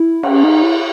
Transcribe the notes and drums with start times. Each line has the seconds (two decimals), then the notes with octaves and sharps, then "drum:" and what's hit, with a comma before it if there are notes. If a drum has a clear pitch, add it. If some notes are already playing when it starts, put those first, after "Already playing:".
Already playing: E4
0.23 C#4, drum: cymbal
0.44 D#4
0.63 E4